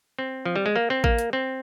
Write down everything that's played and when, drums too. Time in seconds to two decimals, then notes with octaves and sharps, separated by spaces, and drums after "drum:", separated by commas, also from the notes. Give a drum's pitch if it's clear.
0.19 C4
0.45 F3
0.56 G3
0.66 G#3
0.76 A#3
0.90 C4
1.04 A#3, drum: kick A1
1.19 drum: hi-hat
1.33 C4